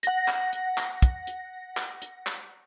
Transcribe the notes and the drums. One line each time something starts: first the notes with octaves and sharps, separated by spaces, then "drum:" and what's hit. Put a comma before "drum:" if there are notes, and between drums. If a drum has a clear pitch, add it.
F#5 A#6, drum: hi-hat
drum: clap
drum: hi-hat
drum: clap
drum: kick, hi-hat
drum: hi-hat
drum: clap
drum: hi-hat
drum: clap